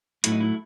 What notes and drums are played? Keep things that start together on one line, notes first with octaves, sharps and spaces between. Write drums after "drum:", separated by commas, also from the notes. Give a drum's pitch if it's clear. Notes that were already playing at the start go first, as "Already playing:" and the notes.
A2 F#3 A3 E4, drum: hi-hat
D#4
E4